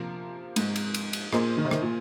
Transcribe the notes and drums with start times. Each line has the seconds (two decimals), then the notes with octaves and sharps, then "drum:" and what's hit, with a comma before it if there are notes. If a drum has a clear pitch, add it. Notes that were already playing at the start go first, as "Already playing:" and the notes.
Already playing: C3 F3 A#3 F4 A#4
0.56 G#2, drum: cymbal
0.76 drum: cymbal
0.94 drum: cymbal
1.13 drum: cymbal
1.33 A#2 A#3 G#4 C5 D#5, drum: rim click
1.58 D#3
1.65 C3
1.71 D#3, drum: rim click
1.82 A#2